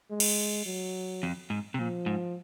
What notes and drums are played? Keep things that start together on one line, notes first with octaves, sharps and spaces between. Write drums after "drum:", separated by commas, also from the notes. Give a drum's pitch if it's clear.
G#3
drum: cymbal
F#3
F2
G#2
C3
A#2 F3
G#2